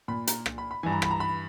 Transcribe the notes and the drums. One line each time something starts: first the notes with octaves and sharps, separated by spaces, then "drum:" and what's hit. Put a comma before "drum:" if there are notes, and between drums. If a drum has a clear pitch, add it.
A#2 B5
A#5, drum: hi-hat
drum: rim click
B5
B5
G2 E3 G#5
A#5
B5, drum: rim click
A#5
B5